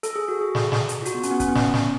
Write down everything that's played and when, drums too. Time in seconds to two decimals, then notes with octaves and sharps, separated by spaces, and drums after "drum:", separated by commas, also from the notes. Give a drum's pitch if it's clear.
0.03 A4, drum: hi-hat
0.16 G#4
0.28 F#4
0.41 G#4
0.55 drum: snare
0.72 drum: snare
0.89 drum: hi-hat
1.02 F4
1.06 F#4, drum: hi-hat
1.14 B3
1.23 C#4, drum: hi-hat
1.31 B3
1.40 C#4, drum: kick, hi-hat
1.48 B3
1.55 C#4, drum: snare
1.63 B3
1.74 B3, drum: snare